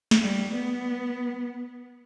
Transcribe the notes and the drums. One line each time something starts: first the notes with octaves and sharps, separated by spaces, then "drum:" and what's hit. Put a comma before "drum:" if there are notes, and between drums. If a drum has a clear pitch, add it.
drum: snare
G3
B3